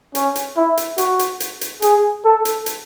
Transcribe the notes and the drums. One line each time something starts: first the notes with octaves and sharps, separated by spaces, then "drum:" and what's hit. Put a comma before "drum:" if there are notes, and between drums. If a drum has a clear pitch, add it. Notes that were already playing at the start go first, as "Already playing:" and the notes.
C#4, drum: hi-hat
drum: hi-hat
E4
drum: hi-hat
F#4, drum: hi-hat
drum: hi-hat
drum: hi-hat
drum: hi-hat
G#4, drum: hi-hat
A4
drum: hi-hat
drum: hi-hat